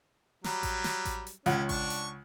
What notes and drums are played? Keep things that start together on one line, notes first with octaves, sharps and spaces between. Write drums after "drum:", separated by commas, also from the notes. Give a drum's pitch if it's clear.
F#3 G3, drum: snare
drum: kick A1, hi-hat
drum: snare
drum: kick A1, hi-hat
drum: hi-hat
C#2 C#4 F#5, drum: hi-hat
D4 C#6, drum: kick A1, hi-hat
drum: hi-hat